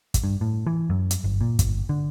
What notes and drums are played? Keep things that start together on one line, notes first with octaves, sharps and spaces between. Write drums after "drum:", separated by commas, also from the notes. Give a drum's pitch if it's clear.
drum: kick, hi-hat
G2
A2
E3
F#2
drum: hi-hat
G1
A#2
G1, drum: kick, hi-hat
D3